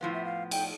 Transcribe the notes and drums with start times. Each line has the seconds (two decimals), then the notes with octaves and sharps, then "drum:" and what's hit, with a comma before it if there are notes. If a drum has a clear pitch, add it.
0.01 A2 F3 B3 F5
0.13 E5
0.25 F5
0.51 G5, drum: cymbal